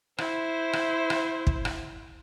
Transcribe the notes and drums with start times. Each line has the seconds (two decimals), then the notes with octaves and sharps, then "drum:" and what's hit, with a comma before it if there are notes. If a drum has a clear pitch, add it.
0.18 E4 C5, drum: rim click
0.73 drum: rim click
1.10 drum: rim click
1.47 drum: kick
1.65 drum: rim click